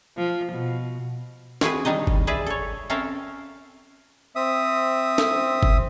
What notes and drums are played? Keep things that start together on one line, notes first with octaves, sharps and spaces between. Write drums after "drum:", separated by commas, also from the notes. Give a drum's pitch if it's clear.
F3
B2
C4 F#4 G#4 B4, drum: snare
D#3 G3 D4 D#4 D#5
drum: kick F#1
G#4 B4 D5 E5
A4 C#5
C4 C#4 A4 A#4 E5 F5
C4 E5 D#6
drum: snare
drum: kick F#1